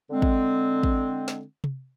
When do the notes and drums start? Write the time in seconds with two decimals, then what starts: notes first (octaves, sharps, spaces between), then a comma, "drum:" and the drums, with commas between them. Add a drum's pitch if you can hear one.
0.11 D3 G#3 C4
0.22 drum: kick
0.83 drum: kick
1.28 drum: snare
1.64 drum: tom C3